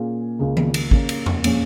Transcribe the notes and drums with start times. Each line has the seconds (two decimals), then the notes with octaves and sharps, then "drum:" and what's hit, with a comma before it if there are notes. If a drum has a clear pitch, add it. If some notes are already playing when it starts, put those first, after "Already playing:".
Already playing: A#2 A#3 C#4 F4 G#4
0.39 C#2 C#3 A#3 F4
0.57 drum: tom D#3
0.74 drum: cymbal
0.91 C#3 A#3 C#4, drum: kick
1.09 drum: cymbal
1.26 drum: tom E2
1.44 A#2 F3 C#4 G#4, drum: cymbal